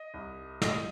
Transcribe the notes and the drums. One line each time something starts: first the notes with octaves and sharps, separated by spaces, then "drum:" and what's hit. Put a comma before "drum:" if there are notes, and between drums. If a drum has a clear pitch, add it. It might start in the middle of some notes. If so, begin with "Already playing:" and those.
Already playing: D#5
C2
C2 D#5, drum: snare